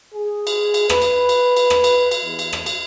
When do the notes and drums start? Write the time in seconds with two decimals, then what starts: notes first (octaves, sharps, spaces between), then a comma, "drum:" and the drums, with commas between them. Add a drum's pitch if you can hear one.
0.15 G#4
0.47 drum: cymbal
0.74 drum: cymbal
0.90 B4, drum: rim click
1.02 drum: cymbal
1.29 drum: cymbal
1.57 drum: cymbal
1.70 drum: rim click
1.84 drum: cymbal
2.11 drum: cymbal
2.25 E2
2.39 drum: cymbal
2.53 drum: rim click
2.66 drum: cymbal